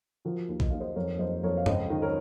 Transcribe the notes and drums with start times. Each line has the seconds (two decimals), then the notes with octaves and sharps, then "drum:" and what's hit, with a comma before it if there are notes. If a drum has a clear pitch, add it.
0.25 F3 F#4 A#4
0.49 D#2
0.60 D#5, drum: kick A#1
0.70 D#2 F5
0.80 C5 D#5
0.96 F2 A#4 C#5
1.19 F2 C5 D#5
1.43 F2 A#4 C#5
1.57 F5
1.66 C#2 C5 D#5, drum: tom
1.90 D#3
2.02 A#4 C#5